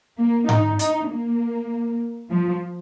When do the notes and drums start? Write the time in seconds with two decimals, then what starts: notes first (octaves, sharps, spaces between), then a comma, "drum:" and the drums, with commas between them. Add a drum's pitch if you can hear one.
0.19 A#3
0.49 D#4, drum: tom G#2
0.79 D#4, drum: hi-hat
1.09 A#3
2.30 F3